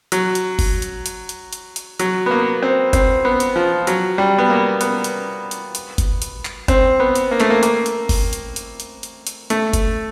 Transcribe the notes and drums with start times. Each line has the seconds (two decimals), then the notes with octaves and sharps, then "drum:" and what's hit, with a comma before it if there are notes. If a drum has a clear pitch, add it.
0.12 F#3, drum: hi-hat
0.35 drum: hi-hat
0.59 drum: kick F#1, open hi-hat
0.82 drum: hi-hat
1.06 drum: hi-hat
1.29 drum: hi-hat
1.53 drum: hi-hat
1.76 drum: hi-hat
2.00 F#3, drum: hi-hat
2.26 B3
2.31 A#3
2.62 C4
2.93 C4, drum: kick F#1, hi-hat
3.25 B3
3.40 drum: hi-hat
3.56 F3
3.87 F#3, drum: hi-hat
4.18 G3
4.39 B3
4.50 A#3
4.81 B3, drum: hi-hat
5.04 drum: hi-hat
5.51 drum: hi-hat
5.75 drum: hi-hat
5.98 drum: kick F#1, hi-hat
6.22 drum: hi-hat
6.45 drum: clap
6.68 C4, drum: kick F#1, hi-hat
7.00 B3
7.15 drum: hi-hat
7.31 A#3
7.40 A3, drum: clap
7.50 A#3
7.63 A#3, drum: hi-hat
7.86 drum: hi-hat
8.09 drum: kick F#1, open hi-hat
8.33 drum: hi-hat
8.56 drum: hi-hat
8.80 drum: hi-hat
9.03 drum: hi-hat
9.27 drum: hi-hat
9.50 A3, drum: hi-hat
9.73 drum: kick F#1, hi-hat